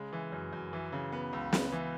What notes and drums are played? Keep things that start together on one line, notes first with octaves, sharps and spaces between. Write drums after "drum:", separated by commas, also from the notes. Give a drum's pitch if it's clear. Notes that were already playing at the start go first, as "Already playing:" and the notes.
Already playing: C#3 G#3
E3
F#2
F#2
E3
C#3
B3
C#2
B3, drum: snare
E3